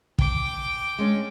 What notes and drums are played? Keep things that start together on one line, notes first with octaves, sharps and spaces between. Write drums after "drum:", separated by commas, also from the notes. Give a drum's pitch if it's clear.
G5 D6, drum: kick
G#3 C#4 D4